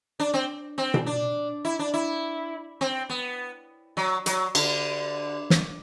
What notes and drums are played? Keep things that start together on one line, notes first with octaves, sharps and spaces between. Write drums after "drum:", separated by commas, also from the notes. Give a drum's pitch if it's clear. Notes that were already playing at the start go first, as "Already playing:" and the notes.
D4
C4
C4
drum: tom B2
D4
E4
D4
E4
C4
B3
F#3
F#3, drum: hi-hat
D3, drum: cymbal
drum: snare